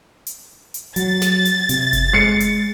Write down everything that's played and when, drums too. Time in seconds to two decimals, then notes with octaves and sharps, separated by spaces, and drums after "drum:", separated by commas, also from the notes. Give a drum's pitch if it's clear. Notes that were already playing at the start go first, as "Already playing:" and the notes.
0.27 drum: hi-hat
0.74 drum: hi-hat
0.96 F#3 A6, drum: hi-hat
1.22 drum: snare
1.45 drum: hi-hat
1.69 C3, drum: hi-hat
1.93 drum: kick F#1, hi-hat
2.13 G#3 C7 C#7
2.40 drum: hi-hat